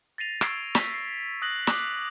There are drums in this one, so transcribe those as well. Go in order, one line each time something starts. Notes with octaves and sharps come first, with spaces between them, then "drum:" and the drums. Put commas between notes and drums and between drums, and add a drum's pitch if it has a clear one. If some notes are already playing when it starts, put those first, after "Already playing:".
A6 A#6 C7 D#7 F7
C#6 E6 G#6 C7 D7, drum: rim click
B6, drum: snare
C7
D#6 F#6 A#6 F#7
D6 D#6 F#6 A6, drum: snare